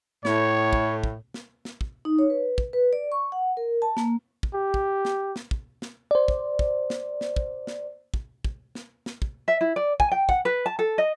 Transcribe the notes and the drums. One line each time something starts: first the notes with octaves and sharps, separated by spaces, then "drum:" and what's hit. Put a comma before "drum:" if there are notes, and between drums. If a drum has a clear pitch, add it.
A2 C#5, drum: snare
drum: kick
drum: kick
drum: snare
drum: snare
drum: kick
D#4
C#5
B4
drum: kick
B4
D5
C#6
F#5
A#4
A5
A#3, drum: snare
drum: kick
G4
drum: kick
drum: snare
drum: snare
drum: kick
drum: snare
C5 D5
drum: kick
drum: kick
drum: snare
drum: snare
drum: kick
drum: snare
drum: kick
drum: kick
drum: snare
drum: snare
drum: kick
E5
E4
D5
G#5, drum: kick
G5
F#5, drum: kick
B4
A5
A4
D#5